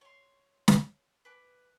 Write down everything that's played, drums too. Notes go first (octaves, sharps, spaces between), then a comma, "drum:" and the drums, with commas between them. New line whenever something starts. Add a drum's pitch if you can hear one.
C#5 C6
drum: snare
B4 G#5 D6